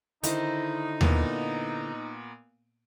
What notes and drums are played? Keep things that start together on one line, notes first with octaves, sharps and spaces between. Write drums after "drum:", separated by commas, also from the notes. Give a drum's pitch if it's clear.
D3 D#3 D#4 E4 C5, drum: hi-hat
A#2 A#3 B3, drum: tom D#2